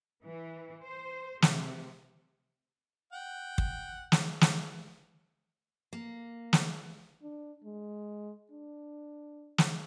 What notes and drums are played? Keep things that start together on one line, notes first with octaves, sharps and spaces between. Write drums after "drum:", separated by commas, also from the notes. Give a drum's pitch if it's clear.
E3
C5
C3, drum: snare
F#5 G5
drum: kick
drum: snare
drum: snare
A#3
drum: snare
D4
G#3
D4
drum: snare